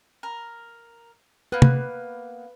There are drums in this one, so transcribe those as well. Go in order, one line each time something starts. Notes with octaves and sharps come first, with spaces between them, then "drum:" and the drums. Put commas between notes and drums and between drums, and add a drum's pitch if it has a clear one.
A#4
A#3 B3 B4
drum: tom C3